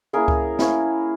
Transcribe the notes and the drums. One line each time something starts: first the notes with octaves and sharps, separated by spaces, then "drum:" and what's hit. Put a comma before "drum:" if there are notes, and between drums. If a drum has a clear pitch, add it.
A#3 C#4 E4 G#4 A#4
drum: kick C#2
A#3 C#4 E4, drum: snare